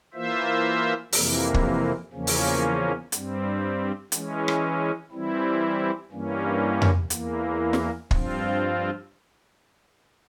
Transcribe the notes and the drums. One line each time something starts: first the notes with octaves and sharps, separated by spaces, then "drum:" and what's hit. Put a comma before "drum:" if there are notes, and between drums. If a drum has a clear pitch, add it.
E3 A#3 F4 C5 E5
F2 C3 E3 A#3, drum: open hi-hat
drum: kick
E2 C#3 F3 A#3 C#4
drum: open hi-hat
G2 G3 C4, drum: hi-hat
E3 G#3 C#4, drum: hi-hat
drum: rim click
E3 G3 C4 E4
G2 E3 G3 A#3 C#4
drum: tom F2
E2 E3 A#3, drum: hi-hat
drum: snare
G2 F3 C4 F4, drum: kick